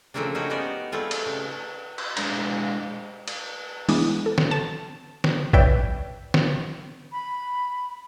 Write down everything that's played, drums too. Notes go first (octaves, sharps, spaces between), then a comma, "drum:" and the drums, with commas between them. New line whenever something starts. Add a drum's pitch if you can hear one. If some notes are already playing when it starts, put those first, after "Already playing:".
C#3 F3 A3 A#3 C4 D4
C#4 D#4 F#4 G4 C5
B3 D#4 F#4 G4 A#4 D5
G3 A3 C4 F4 G#4
drum: cymbal
C#3
drum: cymbal
G#3 D4 A#5, drum: cymbal
drum: cymbal
E3 G#3 B3 D4, drum: open hi-hat
A4
drum: snare
A5
drum: snare
B4 C#5 D5 E5 G5, drum: kick
drum: snare
B5